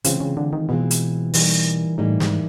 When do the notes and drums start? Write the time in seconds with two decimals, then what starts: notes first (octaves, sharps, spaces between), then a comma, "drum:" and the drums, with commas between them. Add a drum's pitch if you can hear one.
0.04 C#3 E3 G#3 C4 F4, drum: hi-hat
0.20 C#3
0.37 D3
0.53 D#3
0.69 B2 E3 G#3 C4 F4
0.91 drum: hi-hat
1.34 E3 G3 A#3 D#4, drum: open hi-hat
1.98 A2 E3 G3 A#3 D#4
2.20 G#2, drum: snare